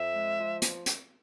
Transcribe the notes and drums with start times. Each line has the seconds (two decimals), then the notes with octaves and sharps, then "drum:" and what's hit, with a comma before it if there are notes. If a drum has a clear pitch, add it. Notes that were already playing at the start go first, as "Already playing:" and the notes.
Already playing: F2 E5
0.14 G#3
0.38 F3
0.62 drum: hi-hat
0.86 drum: hi-hat